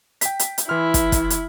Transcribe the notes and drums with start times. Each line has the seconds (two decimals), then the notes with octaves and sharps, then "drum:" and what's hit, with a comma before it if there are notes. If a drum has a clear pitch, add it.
0.21 G5 B6, drum: hi-hat
0.39 drum: hi-hat
0.58 drum: hi-hat
0.69 E3 E4 C6 F6
0.94 drum: kick, hi-hat
1.12 drum: kick, hi-hat
1.30 drum: hi-hat